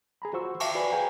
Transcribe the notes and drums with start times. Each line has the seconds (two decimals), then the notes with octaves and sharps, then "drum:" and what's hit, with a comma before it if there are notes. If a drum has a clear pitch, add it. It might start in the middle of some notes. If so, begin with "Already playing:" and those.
0.22 G#4 A#5 B5
0.33 F4 F#4 C5 C#6 E6
0.60 E5 F5 G5 A5 C#6 D6, drum: cymbal
0.75 F#4 B4 D5 G#5 B5
0.92 G#4 B4 F5 G5 G#5 A#5